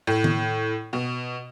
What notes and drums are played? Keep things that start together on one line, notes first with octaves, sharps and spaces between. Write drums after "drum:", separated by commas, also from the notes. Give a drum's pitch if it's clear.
A2
drum: tom D#3
B2